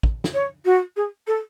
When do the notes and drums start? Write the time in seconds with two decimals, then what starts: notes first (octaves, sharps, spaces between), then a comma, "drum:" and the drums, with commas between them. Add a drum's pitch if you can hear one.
0.03 drum: kick
0.24 drum: snare
0.33 C#5
0.65 F#4
0.96 G#4
1.27 A4